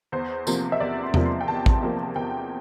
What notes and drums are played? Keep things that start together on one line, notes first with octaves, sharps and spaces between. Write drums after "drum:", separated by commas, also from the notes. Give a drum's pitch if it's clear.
E2 C5
C3 F3 A#3, drum: tambourine
E5
E2 D5
C6
C3 F3 A#3, drum: tom E2
C6
G5
E2 A5
drum: kick A1
C3 F3 A#3
E2 G5